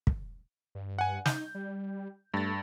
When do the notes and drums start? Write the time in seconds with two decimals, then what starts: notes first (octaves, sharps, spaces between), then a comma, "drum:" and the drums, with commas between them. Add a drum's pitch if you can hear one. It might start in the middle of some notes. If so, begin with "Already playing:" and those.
0.07 drum: kick
0.75 G2
0.98 F#5 G#5
1.26 D#4 G6, drum: snare
1.55 G3
2.34 G2 A3 A6